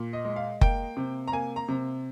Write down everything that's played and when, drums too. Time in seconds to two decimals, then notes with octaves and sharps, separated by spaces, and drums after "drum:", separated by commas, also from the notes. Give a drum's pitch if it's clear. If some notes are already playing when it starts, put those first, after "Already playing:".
Already playing: A#2
0.13 D#5
0.25 G#3
0.36 F5
0.61 A#3 G5, drum: kick F#1
0.97 C3
1.28 A#5
1.32 A#3 G#5
1.56 A#5
1.68 C3